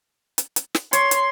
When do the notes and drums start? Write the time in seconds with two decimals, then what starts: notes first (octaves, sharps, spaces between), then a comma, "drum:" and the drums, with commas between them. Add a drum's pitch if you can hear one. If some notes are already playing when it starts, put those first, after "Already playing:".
0.38 drum: hi-hat
0.56 drum: hi-hat
0.75 drum: snare
0.93 C#5 C6, drum: hi-hat
1.11 drum: hi-hat